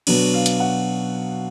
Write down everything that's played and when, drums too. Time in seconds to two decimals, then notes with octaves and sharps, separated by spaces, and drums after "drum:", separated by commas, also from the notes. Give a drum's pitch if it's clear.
0.07 B2 F#3 B3 D4, drum: cymbal
0.34 F5
0.46 drum: hi-hat
0.60 F#5